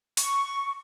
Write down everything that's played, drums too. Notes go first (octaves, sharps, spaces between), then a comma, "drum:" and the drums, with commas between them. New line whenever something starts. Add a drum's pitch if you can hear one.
C#6, drum: open hi-hat